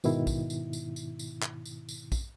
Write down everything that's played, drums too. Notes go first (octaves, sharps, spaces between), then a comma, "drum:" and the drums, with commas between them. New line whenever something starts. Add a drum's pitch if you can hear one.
G#2 B2 D#3 E4, drum: tambourine
drum: kick A#1, tambourine
drum: tambourine
drum: tambourine
drum: tambourine
drum: tambourine
drum: clap
drum: tambourine
drum: tambourine
drum: kick A#1, tambourine